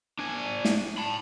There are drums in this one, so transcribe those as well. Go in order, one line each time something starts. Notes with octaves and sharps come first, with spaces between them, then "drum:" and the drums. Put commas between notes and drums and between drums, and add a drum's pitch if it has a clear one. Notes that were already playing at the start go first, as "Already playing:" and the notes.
D4 G#5
drum: snare
A5 B5